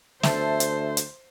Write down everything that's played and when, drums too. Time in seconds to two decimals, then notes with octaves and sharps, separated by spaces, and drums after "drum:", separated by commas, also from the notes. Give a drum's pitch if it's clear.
0.23 D2 C5 E5 A5, drum: snare
0.60 drum: hi-hat
0.97 drum: hi-hat